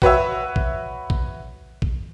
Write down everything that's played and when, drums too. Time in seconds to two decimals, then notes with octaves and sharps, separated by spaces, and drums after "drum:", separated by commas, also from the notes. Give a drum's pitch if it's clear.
0.02 F#4 B4 C#5 E5, drum: kick A#1
0.56 drum: kick A#1
1.10 drum: kick A#1
1.82 drum: kick A#1